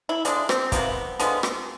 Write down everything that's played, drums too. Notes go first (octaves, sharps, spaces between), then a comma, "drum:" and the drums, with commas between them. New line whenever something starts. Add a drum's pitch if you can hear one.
E4
D3 F3 G#3 D4, drum: hi-hat
C4, drum: rim click
C3 F3 A#3 B3, drum: kick, hi-hat
D3 F3 G#3 B3, drum: hi-hat
drum: rim click